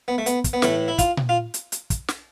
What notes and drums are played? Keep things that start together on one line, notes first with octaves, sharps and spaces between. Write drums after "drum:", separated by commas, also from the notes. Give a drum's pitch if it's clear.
B3
A3
B3, drum: hi-hat
drum: kick, hi-hat
B3
A2 E3 A3, drum: snare
E4
F4, drum: kick, hi-hat
drum: tom A#2
F4
drum: hi-hat
drum: hi-hat
drum: kick, hi-hat
drum: snare